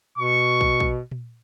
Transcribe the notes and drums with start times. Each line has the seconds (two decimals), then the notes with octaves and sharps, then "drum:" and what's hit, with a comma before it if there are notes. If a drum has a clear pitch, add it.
0.18 B2 C#6
0.61 drum: kick
0.80 drum: kick
1.11 drum: tom A#2